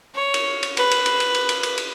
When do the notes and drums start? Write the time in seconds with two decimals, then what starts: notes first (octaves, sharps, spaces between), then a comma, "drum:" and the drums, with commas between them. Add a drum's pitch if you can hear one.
0.15 C#5
0.34 drum: cymbal
0.63 drum: cymbal
0.77 B4, drum: cymbal
0.91 drum: cymbal
1.06 drum: cymbal
1.20 drum: cymbal
1.35 drum: cymbal
1.49 drum: cymbal
1.63 drum: cymbal
1.78 drum: cymbal